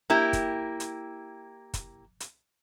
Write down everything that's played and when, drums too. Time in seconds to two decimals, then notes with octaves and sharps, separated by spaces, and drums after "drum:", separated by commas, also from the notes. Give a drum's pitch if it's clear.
0.10 A#3 E4 G4
0.33 drum: kick, hi-hat
0.80 drum: hi-hat
1.74 drum: kick, hi-hat
2.20 drum: hi-hat